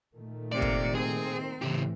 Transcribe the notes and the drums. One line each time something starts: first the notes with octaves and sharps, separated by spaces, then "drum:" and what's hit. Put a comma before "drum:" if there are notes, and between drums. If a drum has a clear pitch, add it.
A#2 D#3 A3
C3 A#3 D5
drum: kick
C4 G#4
A2 C#3 E3 G4